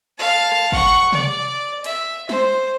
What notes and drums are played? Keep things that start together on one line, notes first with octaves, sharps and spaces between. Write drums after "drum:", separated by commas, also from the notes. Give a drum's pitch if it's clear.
F5 A5
drum: rim click
F#5 C#6, drum: kick
D5, drum: tom C3
E5, drum: hi-hat
C5, drum: snare